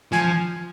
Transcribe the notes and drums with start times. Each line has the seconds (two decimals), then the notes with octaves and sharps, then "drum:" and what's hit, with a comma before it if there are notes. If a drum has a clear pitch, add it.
0.12 F3 G#5, drum: snare
0.24 drum: tom F3